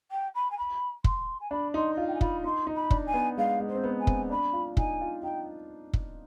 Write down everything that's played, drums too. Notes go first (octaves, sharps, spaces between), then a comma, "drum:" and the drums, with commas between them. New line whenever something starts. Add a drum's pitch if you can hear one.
G5
B5
G#5
B5
C6, drum: kick
G#5
D4 B5
D#4 C6
D#5
F4 F5
G5
G#5
F4 B5, drum: kick
D#4 C6
D#4
B5
D4, drum: kick
G#5
B3
G#3 F5
G#3
C5
C4
B3
G#5
C4, drum: kick
D4 B5
F4
D#4 G#5, drum: kick
F4
D#4 G5
drum: kick